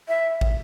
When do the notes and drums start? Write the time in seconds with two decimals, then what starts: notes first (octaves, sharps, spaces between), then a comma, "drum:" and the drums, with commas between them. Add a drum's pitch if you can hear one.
0.08 E5
0.41 drum: kick